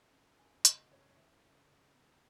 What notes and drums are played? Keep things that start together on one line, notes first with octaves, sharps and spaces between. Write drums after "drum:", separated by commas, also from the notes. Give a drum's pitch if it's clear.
F#2
F#2 G#5
C#3 D#5, drum: hi-hat
F#2 C#5
E3 E5
C#3
C#3
B3